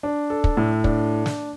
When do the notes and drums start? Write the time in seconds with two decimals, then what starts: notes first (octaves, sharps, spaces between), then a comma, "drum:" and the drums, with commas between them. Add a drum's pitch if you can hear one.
0.03 D4
0.30 A4
0.44 drum: kick
0.57 A2
0.84 D4, drum: kick
1.26 drum: snare